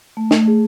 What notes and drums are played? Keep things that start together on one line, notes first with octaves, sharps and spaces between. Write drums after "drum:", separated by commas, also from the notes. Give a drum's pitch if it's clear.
A3
drum: snare
G#4